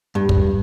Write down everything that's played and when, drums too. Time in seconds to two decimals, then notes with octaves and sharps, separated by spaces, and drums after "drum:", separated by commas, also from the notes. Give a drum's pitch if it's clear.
0.15 G2
0.29 drum: kick